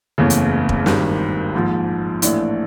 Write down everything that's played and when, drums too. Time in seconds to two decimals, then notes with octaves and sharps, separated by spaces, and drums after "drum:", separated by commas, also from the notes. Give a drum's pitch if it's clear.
0.18 F#1 E2 C#3 E3 A3
0.30 drum: hi-hat
0.69 drum: kick E1
0.86 G#1 G2 D#3 G3, drum: snare
1.54 A#1 G#2 F3
2.22 A#1 A2 E3 A3 D4, drum: hi-hat